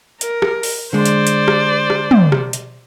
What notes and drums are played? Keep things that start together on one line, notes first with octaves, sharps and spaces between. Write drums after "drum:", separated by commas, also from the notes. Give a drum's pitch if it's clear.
A#4, drum: hi-hat
drum: rim click
drum: open hi-hat
D3 G#3 C5 D5
drum: hi-hat
drum: hi-hat
drum: rim click
drum: rim click
drum: tom
drum: rim click
drum: hi-hat